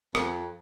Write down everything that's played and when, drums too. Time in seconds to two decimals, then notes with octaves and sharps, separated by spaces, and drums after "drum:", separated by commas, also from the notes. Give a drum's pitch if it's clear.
0.15 F2, drum: rim click